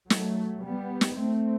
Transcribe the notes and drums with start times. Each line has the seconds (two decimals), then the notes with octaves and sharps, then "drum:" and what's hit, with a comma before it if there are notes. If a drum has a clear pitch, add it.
0.10 F#3 A3, drum: snare
0.64 G3 B3
1.01 drum: snare
1.17 A3 C4